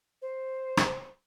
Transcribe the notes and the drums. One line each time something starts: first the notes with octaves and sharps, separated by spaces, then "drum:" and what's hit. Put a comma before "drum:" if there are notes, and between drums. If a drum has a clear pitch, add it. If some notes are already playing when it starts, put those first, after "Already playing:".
C5
drum: rim click